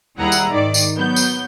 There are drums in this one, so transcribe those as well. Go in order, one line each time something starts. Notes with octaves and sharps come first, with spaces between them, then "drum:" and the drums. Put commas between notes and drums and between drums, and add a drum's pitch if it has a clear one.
D#2 G3 E4 G#4 F#5 A#5
drum: tambourine
G#2 D#3 D5
drum: tambourine
F#3 B3 G6
drum: tambourine